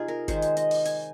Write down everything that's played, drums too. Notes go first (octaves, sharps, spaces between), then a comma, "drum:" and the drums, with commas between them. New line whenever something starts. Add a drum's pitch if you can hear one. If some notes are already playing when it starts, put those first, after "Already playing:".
Already playing: C3 D#4 F4 G#4
A#4
D#3 G#3 C5, drum: kick G1, hi-hat
drum: hi-hat
D#5, drum: hi-hat
drum: open hi-hat
G#5, drum: hi-hat